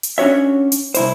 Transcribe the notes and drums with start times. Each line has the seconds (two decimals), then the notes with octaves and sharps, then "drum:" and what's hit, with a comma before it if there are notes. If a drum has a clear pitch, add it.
0.03 drum: hi-hat
0.18 C#4 D4 F#4 C#5 E5
0.72 drum: hi-hat
0.94 C2 E4 C5, drum: hi-hat